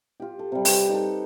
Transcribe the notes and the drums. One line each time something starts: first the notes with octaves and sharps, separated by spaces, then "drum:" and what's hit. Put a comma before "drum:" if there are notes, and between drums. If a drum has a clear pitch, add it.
F4 G4
A4
C3 G3
G4 B4, drum: open hi-hat
D#4 A4